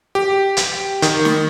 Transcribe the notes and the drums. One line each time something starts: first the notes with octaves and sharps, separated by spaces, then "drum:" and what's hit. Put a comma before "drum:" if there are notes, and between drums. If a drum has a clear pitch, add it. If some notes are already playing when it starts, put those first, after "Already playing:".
G4
drum: hi-hat
D#3, drum: hi-hat
drum: snare